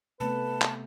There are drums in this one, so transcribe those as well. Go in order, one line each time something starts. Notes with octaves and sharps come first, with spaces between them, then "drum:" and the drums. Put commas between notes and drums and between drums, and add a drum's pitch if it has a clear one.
C3 A3 B3 B4 A5
drum: clap